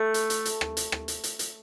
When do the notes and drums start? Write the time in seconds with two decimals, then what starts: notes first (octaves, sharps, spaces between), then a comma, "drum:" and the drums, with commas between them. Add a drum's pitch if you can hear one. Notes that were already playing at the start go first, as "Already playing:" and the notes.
Already playing: A3
0.14 drum: hi-hat
0.30 drum: hi-hat
0.45 drum: hi-hat
0.61 drum: rim click
0.77 drum: hi-hat
0.92 drum: rim click
1.08 drum: hi-hat
1.24 drum: hi-hat
1.39 drum: hi-hat